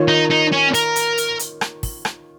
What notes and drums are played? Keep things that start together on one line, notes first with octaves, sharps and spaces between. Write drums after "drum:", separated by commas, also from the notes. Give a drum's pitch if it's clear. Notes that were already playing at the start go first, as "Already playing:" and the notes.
Already playing: D#3 A#3 F4 C#5
D#4
D#4
C#4
A#4, drum: hi-hat
drum: hi-hat
drum: hi-hat
drum: hi-hat
drum: rim click
drum: kick, open hi-hat
drum: rim click